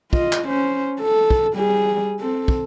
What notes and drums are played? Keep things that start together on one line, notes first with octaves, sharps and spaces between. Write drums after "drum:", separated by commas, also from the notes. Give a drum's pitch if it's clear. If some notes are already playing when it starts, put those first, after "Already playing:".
F4 D#5, drum: kick
drum: clap
C#4 C5
A4
drum: kick
G3 G#4
C4 A4
drum: kick